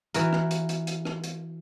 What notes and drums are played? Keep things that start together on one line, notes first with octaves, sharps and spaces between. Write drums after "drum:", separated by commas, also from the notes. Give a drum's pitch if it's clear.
E3 F#4 A#4, drum: hi-hat
drum: rim click
drum: hi-hat
drum: hi-hat
drum: hi-hat
drum: rim click
drum: hi-hat